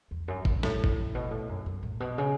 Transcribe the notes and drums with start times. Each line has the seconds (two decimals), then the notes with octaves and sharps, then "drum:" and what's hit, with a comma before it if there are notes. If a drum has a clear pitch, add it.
0.11 E2
0.28 F#2
0.45 F#2, drum: kick
0.63 A2, drum: snare
0.84 drum: kick
1.15 B2
1.31 A2
1.49 F#2
1.66 F#2
1.83 A2
2.00 B2
2.18 C#3